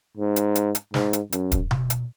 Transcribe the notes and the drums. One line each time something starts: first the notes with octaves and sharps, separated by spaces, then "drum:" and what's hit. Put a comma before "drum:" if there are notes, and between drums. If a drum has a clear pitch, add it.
G#2
drum: hi-hat
drum: hi-hat
drum: hi-hat
G#2, drum: snare
drum: hi-hat
F#2, drum: hi-hat
drum: kick, hi-hat
drum: tom B2
drum: hi-hat